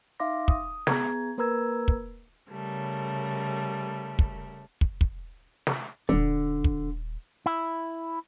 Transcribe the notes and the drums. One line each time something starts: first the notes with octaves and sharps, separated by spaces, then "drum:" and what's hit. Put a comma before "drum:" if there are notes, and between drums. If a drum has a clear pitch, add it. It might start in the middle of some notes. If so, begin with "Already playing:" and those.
D#4 E5 F5 C6 D6 A#6
D#6, drum: kick
B3 G#4 A#5 G#6, drum: snare
A#3 A#4 B4 A#5 E6 G#6
drum: kick
C#3 G3 A3 A#4
drum: kick
drum: kick
drum: kick
drum: snare
D#1 D3
drum: kick
E4